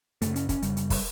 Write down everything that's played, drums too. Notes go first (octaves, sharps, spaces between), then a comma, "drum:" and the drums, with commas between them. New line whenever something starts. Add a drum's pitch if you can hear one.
F#2 C#3 A3, drum: hi-hat
C#4, drum: hi-hat
C#4, drum: kick, hi-hat
F#2 C#3 G3, drum: hi-hat
drum: hi-hat
drum: kick, open hi-hat